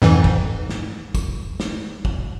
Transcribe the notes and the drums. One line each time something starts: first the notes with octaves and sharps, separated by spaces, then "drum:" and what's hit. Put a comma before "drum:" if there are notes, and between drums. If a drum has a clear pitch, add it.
F2 G#2 E3
drum: kick
drum: snare
drum: kick, tambourine
drum: snare
drum: kick